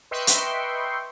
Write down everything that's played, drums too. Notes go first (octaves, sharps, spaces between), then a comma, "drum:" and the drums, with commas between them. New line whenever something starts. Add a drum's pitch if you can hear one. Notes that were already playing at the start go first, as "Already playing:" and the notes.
B4 D#5 E5 G5 C6 C#6
drum: hi-hat